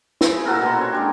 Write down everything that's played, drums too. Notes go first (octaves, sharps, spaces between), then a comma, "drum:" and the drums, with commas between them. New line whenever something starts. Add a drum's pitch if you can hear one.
E4 G#4, drum: snare
A#2 F#4 A4 A#4
B2 A#3 C6
C#4 C#5
G#3 D4 G4